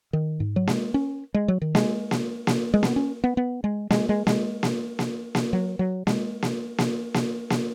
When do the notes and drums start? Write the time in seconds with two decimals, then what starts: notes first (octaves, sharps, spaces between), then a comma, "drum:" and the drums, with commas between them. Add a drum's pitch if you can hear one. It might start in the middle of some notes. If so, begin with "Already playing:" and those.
0.13 D#3
0.40 G#2
0.56 F#3
0.67 G#3, drum: snare A#3
0.94 C#4
1.34 G#3
1.48 F#3
1.62 D#3
1.75 G#3, drum: snare A#3
2.11 drum: snare A#3
2.47 drum: snare A#3
2.74 G#3
2.83 B3, drum: snare A#3
2.96 C#4
3.24 B3
3.37 B3
3.64 G#3
3.90 G#3, drum: snare A#3
4.09 G#3
4.27 G#3, drum: snare A#3
4.63 drum: snare A#3
4.99 drum: snare A#3
5.35 drum: snare A#3
5.53 F#3
5.79 F#3
6.07 G#3, drum: snare A#3
6.42 drum: snare A#3
6.78 drum: snare A#3
7.14 drum: snare A#3
7.50 drum: snare A#3